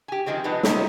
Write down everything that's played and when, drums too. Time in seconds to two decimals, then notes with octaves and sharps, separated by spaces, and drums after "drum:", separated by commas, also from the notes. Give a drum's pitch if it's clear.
0.08 G4 G#5
0.26 C3 D#3 F3 G#3 C4
0.44 F3 G#3 B3 D4 D#4 B4
0.63 C3 C#4 D#4 E4 E5, drum: snare